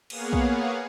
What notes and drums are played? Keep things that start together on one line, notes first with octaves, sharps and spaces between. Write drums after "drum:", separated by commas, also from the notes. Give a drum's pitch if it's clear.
A#3 B3 G#4 C#5 F5 F#5, drum: cymbal
drum: kick A#1